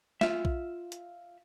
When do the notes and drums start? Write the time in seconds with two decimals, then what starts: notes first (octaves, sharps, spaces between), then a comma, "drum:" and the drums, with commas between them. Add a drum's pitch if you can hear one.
0.21 F4 E5, drum: snare
0.45 drum: kick B1
0.92 drum: hi-hat